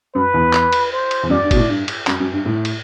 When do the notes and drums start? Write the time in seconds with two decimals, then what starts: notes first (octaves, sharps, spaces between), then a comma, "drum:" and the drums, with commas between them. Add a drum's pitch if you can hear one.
0.15 F#2 B4
0.34 E2
0.53 drum: clap
0.73 drum: cymbal
0.92 C5
1.11 drum: cymbal
1.23 E2
1.30 F#2 D5
1.44 G2
1.51 B2, drum: kick, cymbal
1.56 A2
1.69 G2
1.88 drum: cymbal
2.07 F#2, drum: clap
2.20 F#2
2.33 G2
2.46 A2
2.65 drum: cymbal